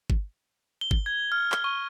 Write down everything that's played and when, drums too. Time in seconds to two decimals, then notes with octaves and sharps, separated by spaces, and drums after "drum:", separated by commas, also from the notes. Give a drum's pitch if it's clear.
0.10 drum: kick G1
0.81 G7
0.91 drum: kick G1
1.06 G#6
1.32 F6
1.52 drum: clap
1.64 C#6